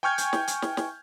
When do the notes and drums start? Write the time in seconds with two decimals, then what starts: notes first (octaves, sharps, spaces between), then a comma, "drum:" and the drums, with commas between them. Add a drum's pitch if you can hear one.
0.03 G5 G#5 C#6 F6 G6 G#6
0.18 drum: hi-hat
0.33 drum: snare
0.48 drum: hi-hat
0.62 drum: snare
0.77 drum: snare